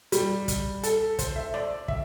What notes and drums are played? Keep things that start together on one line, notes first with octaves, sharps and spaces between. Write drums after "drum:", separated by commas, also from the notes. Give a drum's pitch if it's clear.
G3, drum: hi-hat
drum: kick, hi-hat
A4, drum: hi-hat
C5, drum: kick, hi-hat
E5
D5, drum: rim click
E5, drum: kick